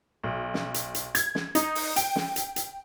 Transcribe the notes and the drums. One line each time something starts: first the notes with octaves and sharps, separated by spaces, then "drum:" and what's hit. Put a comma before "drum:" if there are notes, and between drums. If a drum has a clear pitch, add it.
B1
drum: snare
drum: hi-hat
drum: hi-hat
G#6, drum: hi-hat
drum: snare
D#4, drum: hi-hat
drum: open hi-hat
G5, drum: hi-hat
drum: snare
drum: hi-hat
drum: hi-hat